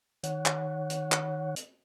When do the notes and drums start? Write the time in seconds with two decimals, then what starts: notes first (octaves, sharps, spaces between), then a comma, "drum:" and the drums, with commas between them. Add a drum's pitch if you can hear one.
0.23 D#3 C#5 F#5, drum: hi-hat
0.46 drum: clap
0.90 drum: hi-hat
1.12 drum: clap
1.56 drum: hi-hat